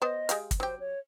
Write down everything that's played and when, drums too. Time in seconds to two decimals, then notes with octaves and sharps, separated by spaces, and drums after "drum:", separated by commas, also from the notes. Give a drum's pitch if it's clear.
0.02 B3 C5 D#5
0.29 G#3 G4 F5, drum: hi-hat
0.51 drum: kick, hi-hat
0.60 F#3 G4 C5
0.80 C#5